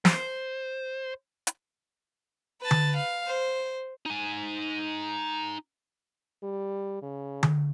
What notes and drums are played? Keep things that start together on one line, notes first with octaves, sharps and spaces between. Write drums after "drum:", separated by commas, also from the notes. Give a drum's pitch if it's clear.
C5, drum: snare
drum: hi-hat
B4 A5
drum: tom D3
F5
C5
D#4 G#5
G3
C#3
drum: tom D3